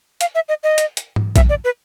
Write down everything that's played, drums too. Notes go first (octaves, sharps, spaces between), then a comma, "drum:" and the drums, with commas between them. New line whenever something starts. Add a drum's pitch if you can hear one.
F5, drum: hi-hat
E5
D#5
D#5
drum: hi-hat
drum: hi-hat
drum: tom G#2
E5, drum: kick A#1, hi-hat
D5
B4